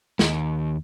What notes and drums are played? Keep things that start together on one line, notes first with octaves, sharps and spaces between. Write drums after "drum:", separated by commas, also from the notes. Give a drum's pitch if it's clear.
D#2, drum: snare